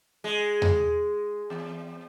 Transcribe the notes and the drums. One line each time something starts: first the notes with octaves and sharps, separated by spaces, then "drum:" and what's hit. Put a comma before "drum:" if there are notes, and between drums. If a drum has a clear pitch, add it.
G#3
drum: tom E2
E2